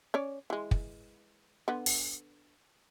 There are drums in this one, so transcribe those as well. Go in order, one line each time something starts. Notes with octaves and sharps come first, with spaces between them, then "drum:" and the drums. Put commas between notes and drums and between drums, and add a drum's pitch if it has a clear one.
C#4 C#5 D5
E3 G#3
drum: kick
D3 B3
drum: open hi-hat